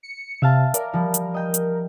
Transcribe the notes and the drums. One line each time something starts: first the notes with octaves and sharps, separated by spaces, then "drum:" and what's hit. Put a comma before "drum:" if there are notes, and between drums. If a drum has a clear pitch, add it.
C#7
C3 E5 F5 A5
A#4 D5, drum: hi-hat
F3 G3
drum: hi-hat
D#5 G5
drum: hi-hat